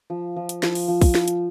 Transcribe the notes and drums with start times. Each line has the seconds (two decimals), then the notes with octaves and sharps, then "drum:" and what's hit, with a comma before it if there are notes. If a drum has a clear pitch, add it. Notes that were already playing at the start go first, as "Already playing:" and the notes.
0.10 F3
0.36 F3
0.49 drum: hi-hat
0.63 F3, drum: snare
0.75 drum: open hi-hat
0.88 F3
1.01 drum: kick, open hi-hat
1.15 drum: snare
1.28 drum: hi-hat